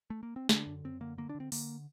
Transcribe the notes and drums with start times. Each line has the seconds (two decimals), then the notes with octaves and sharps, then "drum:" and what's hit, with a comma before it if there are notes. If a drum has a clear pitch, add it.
0.10 A3
0.23 A#3
0.36 C4
0.49 D3 D4, drum: snare
0.67 F#2
0.84 F#2 C4
1.01 D3 A#3
1.18 D3 A#3
1.29 D4
1.35 D3
1.40 C4
1.52 D3 A#3, drum: open hi-hat